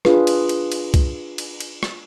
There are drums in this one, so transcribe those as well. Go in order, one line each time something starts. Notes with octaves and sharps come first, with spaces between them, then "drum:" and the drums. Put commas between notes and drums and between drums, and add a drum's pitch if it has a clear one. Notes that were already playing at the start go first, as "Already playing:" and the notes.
D4 F4 G#4 B4, drum: rim click
drum: cymbal
drum: cymbal
drum: cymbal
drum: kick C2, cymbal
drum: cymbal
drum: cymbal
drum: rim click